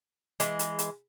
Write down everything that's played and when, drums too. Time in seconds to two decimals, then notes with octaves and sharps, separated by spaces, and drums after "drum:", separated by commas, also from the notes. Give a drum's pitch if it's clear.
0.40 E3 G#3, drum: hi-hat
0.59 drum: hi-hat
0.79 drum: hi-hat